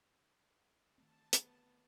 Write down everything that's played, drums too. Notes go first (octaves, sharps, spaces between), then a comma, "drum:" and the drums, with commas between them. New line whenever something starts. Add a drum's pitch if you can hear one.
D#3 A3 C4 A5
B3, drum: hi-hat